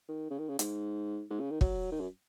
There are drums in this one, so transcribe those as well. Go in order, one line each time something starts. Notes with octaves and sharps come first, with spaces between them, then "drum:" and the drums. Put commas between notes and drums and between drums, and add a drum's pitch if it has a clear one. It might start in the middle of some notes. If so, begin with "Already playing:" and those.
D#3
C#3
D#3
C#3
G#2, drum: hi-hat
G#2
C#3
D#3
F#3, drum: kick
D#3
F#2